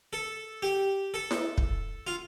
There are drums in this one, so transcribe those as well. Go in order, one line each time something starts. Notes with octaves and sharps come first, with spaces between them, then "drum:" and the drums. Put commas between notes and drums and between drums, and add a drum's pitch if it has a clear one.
A4
G4
A4
drum: snare E4
drum: kick
F4